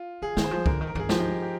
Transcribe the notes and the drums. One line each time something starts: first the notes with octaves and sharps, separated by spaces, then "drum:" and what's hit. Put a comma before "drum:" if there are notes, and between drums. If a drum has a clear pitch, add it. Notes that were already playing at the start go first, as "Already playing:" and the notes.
Already playing: F4
D#3 G#4
D#3, drum: snare
C5
F3
D3 A#4, drum: kick C#2
D#3
A#4
D#3 G#4, drum: tom
F3 G4, drum: snare
D#4
D#4
G4